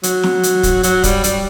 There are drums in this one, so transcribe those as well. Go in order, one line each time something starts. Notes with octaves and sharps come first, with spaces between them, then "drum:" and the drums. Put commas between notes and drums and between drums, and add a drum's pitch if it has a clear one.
F#3, drum: hi-hat
drum: snare
drum: hi-hat
drum: kick, hi-hat
F#3, drum: hi-hat
G3, drum: kick, hi-hat
G3, drum: hi-hat